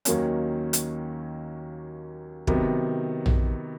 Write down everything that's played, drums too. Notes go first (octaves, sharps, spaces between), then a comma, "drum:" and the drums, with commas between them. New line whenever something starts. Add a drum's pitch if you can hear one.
D#2 D#3 F#3 A#3 C#4, drum: hi-hat
drum: hi-hat
C3 D#3 F#3 B3, drum: kick
drum: tom A#1